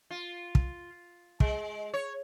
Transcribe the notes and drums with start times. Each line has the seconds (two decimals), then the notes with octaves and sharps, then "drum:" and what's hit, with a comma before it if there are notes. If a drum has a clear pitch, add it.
0.11 F4
0.55 drum: kick
1.40 G#3, drum: kick
1.94 C#5